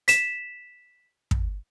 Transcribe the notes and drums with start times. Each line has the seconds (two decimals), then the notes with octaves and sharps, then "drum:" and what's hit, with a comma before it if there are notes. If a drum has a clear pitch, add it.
0.08 B6 E7, drum: hi-hat
1.31 drum: kick